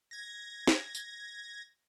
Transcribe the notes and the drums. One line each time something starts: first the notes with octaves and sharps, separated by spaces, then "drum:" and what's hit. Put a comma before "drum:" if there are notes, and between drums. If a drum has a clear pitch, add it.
G#6 A#6
drum: snare
drum: tambourine